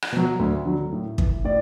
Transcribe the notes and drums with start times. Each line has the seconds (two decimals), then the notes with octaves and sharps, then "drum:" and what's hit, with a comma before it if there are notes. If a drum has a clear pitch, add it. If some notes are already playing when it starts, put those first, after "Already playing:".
0.02 drum: rim click
0.12 B2 F#3
0.39 D2
0.65 D3 F#3
0.92 A2
1.18 E3, drum: kick
1.44 A2 D5